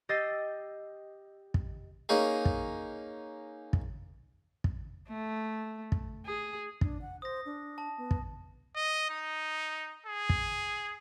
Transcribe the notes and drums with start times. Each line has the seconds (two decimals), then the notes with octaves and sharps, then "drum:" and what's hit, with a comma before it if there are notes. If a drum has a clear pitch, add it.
0.09 G4 D#5 E6 A6 C7
1.54 drum: kick
2.09 A#3 C#4 D#4 G#4
2.45 drum: kick
3.73 drum: kick
4.64 drum: kick
5.09 A3
5.92 drum: kick
6.26 G#4
6.81 D4, drum: kick
7.01 F#5
7.22 C5 D#6 A#6
7.46 D4
7.78 A5
7.98 B3
8.11 drum: kick
8.76 D#5
9.10 D#4
10.06 G#4
10.29 drum: kick